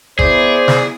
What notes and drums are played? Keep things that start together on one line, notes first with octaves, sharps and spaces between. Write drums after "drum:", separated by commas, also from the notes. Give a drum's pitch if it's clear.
B3 E4 G#4 C5 D5, drum: kick G1
drum: snare